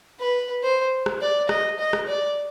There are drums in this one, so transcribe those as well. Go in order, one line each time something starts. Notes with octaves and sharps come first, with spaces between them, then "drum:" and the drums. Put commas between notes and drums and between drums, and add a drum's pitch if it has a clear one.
B4
C5
drum: rim click
D5
D#5, drum: rim click
D#5
drum: rim click
D5